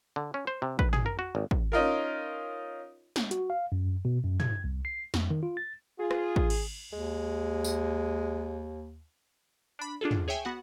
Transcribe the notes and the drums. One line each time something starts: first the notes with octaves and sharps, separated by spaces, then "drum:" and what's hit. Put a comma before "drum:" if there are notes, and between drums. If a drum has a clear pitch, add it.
D3
C#4
C5
C3
B4, drum: kick
G#4, drum: tom
A#4
F#4
G#1
drum: kick
C#4 D#4 F4 A#4
drum: snare
F#4, drum: hi-hat
F5
F#2
B2
F#2
G#6, drum: tom
C2
C7
F2, drum: snare
D#3
F4
A6
F4 G#4
drum: rim click
drum: kick
drum: cymbal
D#2 G#3
drum: tambourine
D4 B5
D4 F4 G#4 A4
drum: tom
G#4 C#5 E5 G5 G#5
B3 F#4 F#5